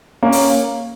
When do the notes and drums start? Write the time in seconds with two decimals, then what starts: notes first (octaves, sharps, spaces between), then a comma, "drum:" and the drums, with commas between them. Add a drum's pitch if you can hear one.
0.23 A#3 C#4
0.32 drum: open hi-hat